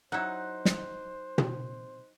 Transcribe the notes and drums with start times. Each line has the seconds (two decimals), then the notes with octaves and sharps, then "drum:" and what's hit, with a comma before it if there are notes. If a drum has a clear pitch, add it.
0.12 F#3 D#4 E4 C5 F#5 F#6
0.65 drum: snare
1.38 drum: tom